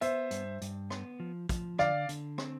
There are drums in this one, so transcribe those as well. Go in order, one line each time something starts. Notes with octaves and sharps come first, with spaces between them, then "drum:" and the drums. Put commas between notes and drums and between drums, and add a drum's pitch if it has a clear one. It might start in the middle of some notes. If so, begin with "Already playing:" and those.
B3 C5 E5, drum: hi-hat
G2, drum: hi-hat
G2, drum: hi-hat
B3, drum: rim click
F3
F3, drum: kick, hi-hat
D3 D5 F5, drum: rim click
D3, drum: hi-hat
C4, drum: rim click